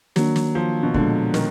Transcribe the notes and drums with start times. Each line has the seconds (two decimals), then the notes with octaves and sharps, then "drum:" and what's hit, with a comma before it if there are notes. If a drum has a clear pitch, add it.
0.16 D#3 F#3 A#3 D4, drum: snare
0.36 drum: snare
0.55 F3
0.83 B2
0.94 A#2 D3 F3 G#3, drum: kick
1.34 D#3, drum: snare